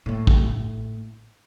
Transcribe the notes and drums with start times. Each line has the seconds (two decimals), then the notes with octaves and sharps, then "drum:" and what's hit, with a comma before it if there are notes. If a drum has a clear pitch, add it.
0.06 A2 A3
0.27 drum: kick